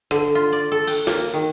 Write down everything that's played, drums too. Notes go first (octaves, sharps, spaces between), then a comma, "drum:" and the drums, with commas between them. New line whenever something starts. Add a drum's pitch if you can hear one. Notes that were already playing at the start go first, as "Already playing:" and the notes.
D3, drum: rim click
F4
D5
A4
G5, drum: cymbal
A#3, drum: snare
D#3